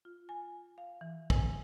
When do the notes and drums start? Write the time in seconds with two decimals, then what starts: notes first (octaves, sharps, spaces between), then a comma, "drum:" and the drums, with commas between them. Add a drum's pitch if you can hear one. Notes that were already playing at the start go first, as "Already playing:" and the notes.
0.05 F4
0.29 G#5
0.78 F5
1.01 E3
1.30 G#5, drum: kick